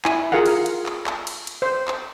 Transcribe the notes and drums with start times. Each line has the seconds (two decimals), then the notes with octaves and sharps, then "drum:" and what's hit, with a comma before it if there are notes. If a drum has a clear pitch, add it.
0.05 E4 G#5, drum: clap
0.32 F4 G#4 A#4 F5 F#5
0.46 drum: cymbal
0.66 drum: cymbal
0.86 drum: clap
1.07 drum: clap
1.27 drum: cymbal
1.47 drum: cymbal
1.62 C5
1.88 drum: clap